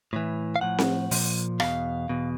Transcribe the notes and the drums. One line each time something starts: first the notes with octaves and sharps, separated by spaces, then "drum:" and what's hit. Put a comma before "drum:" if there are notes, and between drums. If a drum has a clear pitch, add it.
A2 E3
F5
A2 F3 F#5
drum: snare C4
A#2 F3, drum: open hi-hat
E2 B2 F5, drum: rim click
E2 B2